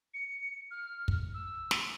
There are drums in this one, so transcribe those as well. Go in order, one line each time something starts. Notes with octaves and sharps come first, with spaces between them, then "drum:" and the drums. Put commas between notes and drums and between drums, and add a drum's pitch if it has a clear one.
C#7
F6
drum: kick
E6
drum: snare